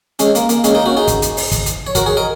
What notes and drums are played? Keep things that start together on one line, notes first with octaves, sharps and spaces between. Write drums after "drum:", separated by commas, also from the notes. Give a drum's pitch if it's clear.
G#3 C#4, drum: hi-hat
A#3, drum: hi-hat
A#3, drum: hi-hat
G#3 C#4, drum: hi-hat
A#3 D#4
C#4 F#4
D#4 G#4
drum: kick, hi-hat
drum: hi-hat
drum: open hi-hat
drum: kick, hi-hat
drum: hi-hat
C#5
F#4 A#4, drum: kick, hi-hat
G#4 C#5
A#4 D#5